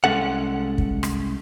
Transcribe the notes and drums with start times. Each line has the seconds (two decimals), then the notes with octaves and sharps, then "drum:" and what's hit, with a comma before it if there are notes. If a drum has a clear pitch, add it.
0.04 C2 A#2 G#3 C#4 A4 F#5
0.78 drum: kick
1.03 drum: rim click